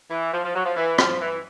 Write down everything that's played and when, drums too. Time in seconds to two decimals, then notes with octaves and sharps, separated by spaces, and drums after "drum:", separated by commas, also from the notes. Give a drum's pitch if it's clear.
0.11 E3
0.33 F3
0.44 F3
0.55 F#3
0.65 F3
0.77 E3
0.98 F3, drum: rim click
1.20 E3